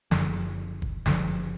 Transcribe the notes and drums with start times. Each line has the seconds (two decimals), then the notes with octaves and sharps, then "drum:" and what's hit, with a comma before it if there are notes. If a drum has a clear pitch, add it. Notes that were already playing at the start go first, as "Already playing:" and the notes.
0.11 F#1 F#2 D3 F3, drum: snare
0.82 drum: kick
1.06 F#1 F#2 D3 F3, drum: snare